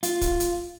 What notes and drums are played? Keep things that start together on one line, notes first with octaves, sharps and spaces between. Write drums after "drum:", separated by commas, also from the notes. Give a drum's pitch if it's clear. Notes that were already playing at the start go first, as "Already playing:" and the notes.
F4, drum: hi-hat
drum: kick, hi-hat
drum: hi-hat